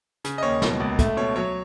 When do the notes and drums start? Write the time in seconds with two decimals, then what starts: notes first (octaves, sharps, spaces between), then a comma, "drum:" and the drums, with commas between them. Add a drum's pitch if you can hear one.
0.24 C#3, drum: hi-hat
0.38 D#5
0.43 D#2 C#5
0.62 B2, drum: snare
0.80 C#2
0.99 A3, drum: kick, hi-hat
1.17 B2 C#5
1.36 F#3 C#5